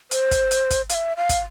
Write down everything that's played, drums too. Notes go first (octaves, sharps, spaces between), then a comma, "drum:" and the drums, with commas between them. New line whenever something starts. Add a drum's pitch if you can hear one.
C5, drum: hi-hat
drum: kick, hi-hat
drum: hi-hat
drum: kick, hi-hat
F5, drum: hi-hat
E5
F5
drum: kick, hi-hat